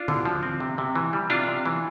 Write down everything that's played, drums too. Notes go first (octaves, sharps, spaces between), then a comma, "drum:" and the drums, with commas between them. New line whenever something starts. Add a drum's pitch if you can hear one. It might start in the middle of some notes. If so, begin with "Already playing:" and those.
Already playing: D4 F4
D3, drum: tom D3
F3
C4
C3
C3
E3
G3
C3 D4 F4
C3
E3